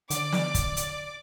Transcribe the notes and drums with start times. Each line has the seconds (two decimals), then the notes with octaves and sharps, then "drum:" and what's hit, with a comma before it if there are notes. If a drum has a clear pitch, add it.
0.10 D3 D5 D6, drum: hi-hat
0.32 drum: snare
0.55 drum: kick, hi-hat
0.77 drum: hi-hat